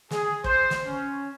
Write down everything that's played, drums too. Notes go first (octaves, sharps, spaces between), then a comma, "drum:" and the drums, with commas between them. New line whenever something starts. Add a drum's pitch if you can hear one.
G#4, drum: snare
C5, drum: kick
drum: snare
C#4